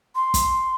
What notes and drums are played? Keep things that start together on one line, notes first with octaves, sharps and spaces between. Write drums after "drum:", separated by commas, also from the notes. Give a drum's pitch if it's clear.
C6
drum: kick, hi-hat